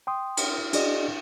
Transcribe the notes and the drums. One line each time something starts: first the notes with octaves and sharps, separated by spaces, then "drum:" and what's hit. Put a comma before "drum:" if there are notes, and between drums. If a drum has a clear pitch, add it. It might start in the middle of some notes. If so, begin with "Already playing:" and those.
G5 C6 D#6
drum: cymbal
D4 F#4 G#4 D5 D#5, drum: cymbal